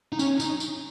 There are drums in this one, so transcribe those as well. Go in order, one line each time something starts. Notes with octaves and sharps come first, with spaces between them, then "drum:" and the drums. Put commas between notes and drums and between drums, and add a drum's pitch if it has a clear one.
D#4
C#4, drum: tambourine
D#4, drum: tambourine
drum: tambourine